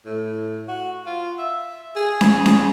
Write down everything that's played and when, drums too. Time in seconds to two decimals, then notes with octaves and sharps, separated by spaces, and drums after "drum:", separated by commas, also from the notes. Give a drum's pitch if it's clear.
0.06 A2
0.68 F#4
1.06 F4
1.38 E5
1.96 G#4
2.21 drum: snare C#4
2.46 drum: snare C#4